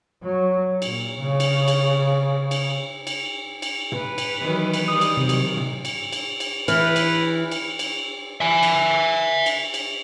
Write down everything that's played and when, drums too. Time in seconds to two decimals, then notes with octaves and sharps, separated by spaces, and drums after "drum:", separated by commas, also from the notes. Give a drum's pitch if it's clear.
0.23 F#3
0.82 A#2, drum: cymbal
1.20 C#3
1.40 drum: cymbal
1.68 drum: cymbal
2.51 drum: cymbal
3.07 drum: cymbal
3.62 drum: cymbal
3.92 B4, drum: tom
4.18 drum: cymbal
4.40 D#3 E3 F#3
4.74 drum: cymbal
4.88 D#3 G3 D#6
5.01 drum: cymbal
5.17 C3 D#3 F#3
5.29 drum: cymbal
5.57 drum: tom
5.85 drum: cymbal
6.13 drum: cymbal
6.40 drum: cymbal
6.68 E3 B4 F6, drum: cymbal
6.96 drum: cymbal
7.51 drum: cymbal
7.79 drum: cymbal
8.41 E5 G#5
8.63 drum: cymbal
9.46 drum: cymbal
9.74 drum: cymbal